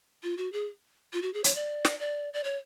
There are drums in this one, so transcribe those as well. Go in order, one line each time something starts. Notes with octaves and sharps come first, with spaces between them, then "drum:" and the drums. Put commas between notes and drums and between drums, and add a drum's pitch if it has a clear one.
F4
F#4
G#4
F4
F#4
G#4
C#5, drum: hi-hat
D5
drum: snare
D5
D5
C#5